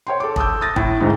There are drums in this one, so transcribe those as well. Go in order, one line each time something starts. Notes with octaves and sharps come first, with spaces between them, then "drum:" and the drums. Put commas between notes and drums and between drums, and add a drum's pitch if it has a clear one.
C#5 G5 C6
A4 D6
A5 D#6 E6 G6, drum: kick
D#6 A6 A#6
A2, drum: kick
G#1 D2 G#2 D#4